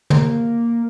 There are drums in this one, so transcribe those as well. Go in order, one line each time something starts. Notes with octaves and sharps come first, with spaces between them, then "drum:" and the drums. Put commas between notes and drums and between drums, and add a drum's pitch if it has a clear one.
A#3, drum: tom